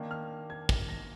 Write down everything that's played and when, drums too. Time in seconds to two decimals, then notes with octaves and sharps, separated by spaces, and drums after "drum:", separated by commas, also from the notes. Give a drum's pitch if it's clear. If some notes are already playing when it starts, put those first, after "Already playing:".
Already playing: D#3 A#3 D4
0.11 F6
0.50 G#6
0.69 A#6, drum: kick
0.89 A#6